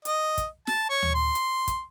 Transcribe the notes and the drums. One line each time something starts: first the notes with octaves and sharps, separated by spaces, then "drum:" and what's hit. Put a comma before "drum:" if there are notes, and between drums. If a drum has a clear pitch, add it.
D#5, drum: hi-hat
drum: kick, hi-hat
A5, drum: snare
C#5
drum: tom D2
C6
drum: hi-hat
drum: kick, hi-hat